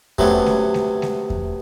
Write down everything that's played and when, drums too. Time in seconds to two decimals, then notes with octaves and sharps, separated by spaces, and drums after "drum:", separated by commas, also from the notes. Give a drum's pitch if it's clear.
0.18 C3 F#3 A3 B3 C#4, drum: kick E2
0.46 drum: snare G#3
0.74 drum: snare G#3
1.02 drum: snare G#3
1.30 drum: kick E2